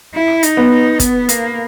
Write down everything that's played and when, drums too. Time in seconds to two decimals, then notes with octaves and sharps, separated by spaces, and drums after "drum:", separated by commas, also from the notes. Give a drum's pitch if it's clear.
0.14 E4
0.43 D#4, drum: hi-hat
0.57 B3
0.72 D#4
1.00 B3, drum: kick, hi-hat
1.29 A#3, drum: hi-hat